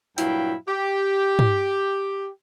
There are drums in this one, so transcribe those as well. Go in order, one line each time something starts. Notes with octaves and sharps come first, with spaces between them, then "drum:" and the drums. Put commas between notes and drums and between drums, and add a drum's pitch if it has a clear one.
G2 A#2 F#3 E4 F5 G5, drum: hi-hat
G4
drum: tom